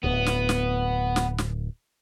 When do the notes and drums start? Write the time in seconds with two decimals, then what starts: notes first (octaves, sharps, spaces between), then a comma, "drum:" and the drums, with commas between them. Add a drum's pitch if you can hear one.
0.04 D1 B3
0.26 drum: snare
0.49 drum: snare
1.16 drum: snare
1.38 drum: snare